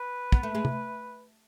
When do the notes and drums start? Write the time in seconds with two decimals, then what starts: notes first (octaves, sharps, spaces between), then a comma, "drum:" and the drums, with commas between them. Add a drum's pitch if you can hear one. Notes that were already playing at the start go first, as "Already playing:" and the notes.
Already playing: B4
0.32 B3, drum: kick
0.43 A3
0.55 G#3
0.65 drum: tom C3